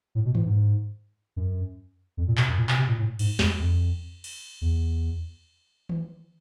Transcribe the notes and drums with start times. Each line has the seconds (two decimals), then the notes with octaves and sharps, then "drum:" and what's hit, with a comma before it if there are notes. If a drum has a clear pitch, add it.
0.15 A2
0.25 B2
0.35 A2, drum: tom D#3
0.45 G#2
1.36 F#2
2.17 F2
2.28 A#2
2.37 B2, drum: clap
2.48 F#2
2.58 A#2
2.69 B2, drum: clap
2.78 C3
2.88 A#2
2.99 A2
3.19 G#2, drum: cymbal
3.39 F2, drum: snare
3.59 F2
4.24 drum: cymbal
4.61 E2
5.89 drum: tom D#3